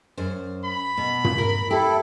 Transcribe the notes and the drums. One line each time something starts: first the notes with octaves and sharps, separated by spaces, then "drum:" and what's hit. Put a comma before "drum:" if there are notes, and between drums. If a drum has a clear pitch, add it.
F#2 C5
B5
B2
drum: tom
A#4
E4 G4 A4